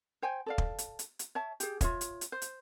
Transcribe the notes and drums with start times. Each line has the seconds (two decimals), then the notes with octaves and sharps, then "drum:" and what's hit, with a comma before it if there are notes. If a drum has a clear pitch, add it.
0.22 C5 G5 G#5
0.46 A4 D5 F5
0.58 drum: kick
0.78 drum: hi-hat
0.99 drum: hi-hat
1.19 drum: hi-hat
1.35 C#5 E5 A5
1.60 G4 G#4, drum: hi-hat
1.81 F4 G#4 C#5 E5, drum: kick, hi-hat
2.01 drum: hi-hat
2.21 drum: hi-hat
2.32 C5
2.42 drum: hi-hat